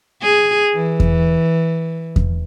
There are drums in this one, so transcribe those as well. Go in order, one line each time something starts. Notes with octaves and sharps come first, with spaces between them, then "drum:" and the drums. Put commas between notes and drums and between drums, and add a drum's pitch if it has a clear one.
G#4
E3
drum: kick E2
drum: kick E2